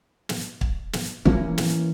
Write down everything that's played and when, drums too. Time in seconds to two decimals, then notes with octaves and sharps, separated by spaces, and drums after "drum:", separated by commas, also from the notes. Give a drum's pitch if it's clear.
0.29 drum: snare
0.61 drum: kick
0.93 drum: snare
1.25 E3 A#3 C#4, drum: kick
1.58 drum: snare